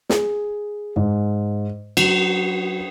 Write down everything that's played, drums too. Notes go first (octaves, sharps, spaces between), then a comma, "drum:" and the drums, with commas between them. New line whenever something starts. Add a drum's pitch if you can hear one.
G#4, drum: snare
G#2
F#3, drum: cymbal